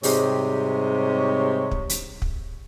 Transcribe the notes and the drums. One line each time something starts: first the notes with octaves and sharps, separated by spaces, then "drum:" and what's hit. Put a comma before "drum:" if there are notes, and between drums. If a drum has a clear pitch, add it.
G#2 C3 G3 G#3 G4 C#5, drum: open hi-hat
drum: kick
drum: hi-hat
drum: kick